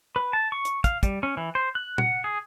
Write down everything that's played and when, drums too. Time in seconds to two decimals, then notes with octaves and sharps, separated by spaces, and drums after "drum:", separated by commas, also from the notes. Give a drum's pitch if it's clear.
0.16 B4
0.33 A5
0.52 C#6
0.65 drum: hi-hat
0.84 F5, drum: kick, hi-hat
1.03 G3, drum: kick, hi-hat
1.23 C#4
1.37 E3
1.55 C5
1.75 F#6
1.98 F#5, drum: tom
2.24 G#4